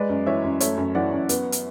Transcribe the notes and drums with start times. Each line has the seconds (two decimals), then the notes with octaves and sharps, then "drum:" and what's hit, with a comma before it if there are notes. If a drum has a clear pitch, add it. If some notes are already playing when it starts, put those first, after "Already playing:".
Already playing: G#3 B4 D5
0.09 F#2
0.26 E3 C#5 E5
0.44 F#2
0.60 A3 C#5 E5, drum: hi-hat
0.78 F#2
0.95 E3 D5 F#5
1.13 F#2
1.29 B3, drum: hi-hat
1.52 drum: hi-hat